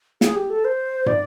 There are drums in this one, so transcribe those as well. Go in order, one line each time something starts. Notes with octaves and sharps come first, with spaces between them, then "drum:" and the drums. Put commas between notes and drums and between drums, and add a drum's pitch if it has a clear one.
G#4, drum: snare
G4
A4
C5
D5, drum: tom